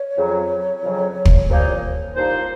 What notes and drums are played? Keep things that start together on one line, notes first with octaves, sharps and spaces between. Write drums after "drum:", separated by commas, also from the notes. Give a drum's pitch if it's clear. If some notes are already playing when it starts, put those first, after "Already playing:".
Already playing: C#5
F2 C#3 F#3
F2 C#3 F#3
drum: kick
C2 A#2 F3 A#3 D#4
C2 A#2 F3 A#3 D#4 C5